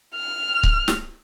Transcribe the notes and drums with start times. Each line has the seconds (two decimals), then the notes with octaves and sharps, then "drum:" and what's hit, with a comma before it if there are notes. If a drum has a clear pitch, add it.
0.15 F6
0.63 drum: kick C#1
0.88 drum: snare